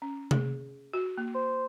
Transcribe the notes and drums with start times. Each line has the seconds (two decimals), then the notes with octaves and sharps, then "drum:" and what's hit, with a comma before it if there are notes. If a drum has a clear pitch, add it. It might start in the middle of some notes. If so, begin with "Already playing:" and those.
0.02 C#4
0.31 G#4, drum: tom
0.93 F#4
1.18 A#3
1.35 C5